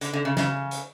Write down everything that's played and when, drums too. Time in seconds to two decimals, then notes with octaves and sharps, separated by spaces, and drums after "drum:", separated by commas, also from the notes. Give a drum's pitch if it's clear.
0.01 D3, drum: hi-hat
0.13 D3
0.25 C#3
0.37 C#3, drum: snare
0.71 drum: hi-hat